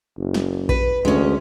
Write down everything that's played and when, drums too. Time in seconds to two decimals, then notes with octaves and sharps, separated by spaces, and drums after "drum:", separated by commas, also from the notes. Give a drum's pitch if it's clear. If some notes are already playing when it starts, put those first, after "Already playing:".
0.17 F#1
0.34 drum: snare
0.69 B4, drum: kick A#1
1.05 D2 G#3 C#4